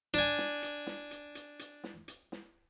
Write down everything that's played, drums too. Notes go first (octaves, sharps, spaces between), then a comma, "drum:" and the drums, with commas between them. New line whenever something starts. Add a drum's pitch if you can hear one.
D4 G#5, drum: hi-hat
drum: snare
drum: hi-hat
drum: snare
drum: hi-hat
drum: hi-hat
drum: hi-hat
drum: snare
drum: hi-hat
drum: snare